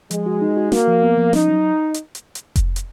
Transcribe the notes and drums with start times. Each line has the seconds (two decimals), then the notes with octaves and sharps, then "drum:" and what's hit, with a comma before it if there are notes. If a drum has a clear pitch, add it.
0.11 F3 G#3, drum: hi-hat
0.26 F#4
0.42 D#4
0.57 F#4
0.72 A#3 F#4, drum: snare
0.87 F3
1.03 B3
1.17 F3
1.33 C#4 D#4, drum: snare
1.48 F#3
1.94 drum: hi-hat
2.15 drum: hi-hat
2.35 drum: hi-hat
2.56 drum: kick F1, hi-hat
2.76 drum: hi-hat